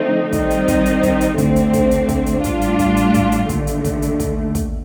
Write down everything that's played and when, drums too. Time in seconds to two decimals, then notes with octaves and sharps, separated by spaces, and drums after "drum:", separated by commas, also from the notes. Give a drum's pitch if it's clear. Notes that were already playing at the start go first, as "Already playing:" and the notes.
Already playing: D3 F3 A3 C4 D#4
0.33 D#3 G3 C4 D#4, drum: kick, hi-hat
0.50 drum: hi-hat
0.68 drum: kick, hi-hat
0.86 drum: hi-hat
1.03 drum: kick, hi-hat
1.21 drum: hi-hat
1.38 D2 D3 A3 C4, drum: kick, hi-hat
1.56 drum: hi-hat
1.73 drum: kick, hi-hat
1.91 drum: hi-hat
2.09 drum: kick, hi-hat
2.26 drum: hi-hat
2.44 A2 G3 D4 F4, drum: kick, hi-hat
2.61 drum: hi-hat
2.79 drum: kick, hi-hat
2.97 drum: hi-hat
3.14 drum: kick, hi-hat
3.32 drum: hi-hat
3.49 D#2 D3 A3, drum: kick, hi-hat
3.67 drum: hi-hat
3.85 drum: kick, hi-hat
4.02 drum: hi-hat
4.20 drum: kick, hi-hat
4.55 drum: kick, hi-hat